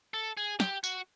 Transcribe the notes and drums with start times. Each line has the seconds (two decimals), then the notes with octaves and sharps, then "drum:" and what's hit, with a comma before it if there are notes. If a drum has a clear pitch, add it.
0.14 A4
0.37 G#4
0.60 G4, drum: snare
0.84 F#4, drum: tambourine